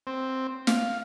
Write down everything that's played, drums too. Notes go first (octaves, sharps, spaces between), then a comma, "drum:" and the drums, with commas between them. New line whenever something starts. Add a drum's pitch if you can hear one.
C4
F5, drum: snare